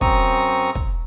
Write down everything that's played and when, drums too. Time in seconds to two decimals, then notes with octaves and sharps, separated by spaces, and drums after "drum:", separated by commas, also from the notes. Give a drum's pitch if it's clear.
0.01 F#2 C4 A#5 C#6 D#6, drum: kick
0.75 drum: kick